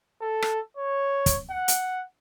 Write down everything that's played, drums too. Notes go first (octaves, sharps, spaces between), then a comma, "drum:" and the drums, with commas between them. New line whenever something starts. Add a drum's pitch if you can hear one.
A4
drum: rim click
C#5
drum: kick, hi-hat
F#5
drum: hi-hat